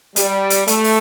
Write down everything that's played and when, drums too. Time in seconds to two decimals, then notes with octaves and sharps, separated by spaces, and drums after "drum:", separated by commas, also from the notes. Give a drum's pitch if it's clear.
0.16 G3, drum: hi-hat
0.50 drum: hi-hat
0.67 A3, drum: hi-hat
0.84 drum: open hi-hat